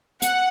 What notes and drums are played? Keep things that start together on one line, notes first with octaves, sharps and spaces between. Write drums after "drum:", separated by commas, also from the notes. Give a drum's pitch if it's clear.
F#5, drum: hi-hat